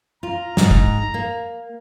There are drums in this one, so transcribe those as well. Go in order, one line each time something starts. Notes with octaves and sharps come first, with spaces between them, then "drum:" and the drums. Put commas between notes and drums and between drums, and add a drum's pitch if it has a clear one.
F4 A#5
G#2 D#4, drum: snare
drum: kick
A#3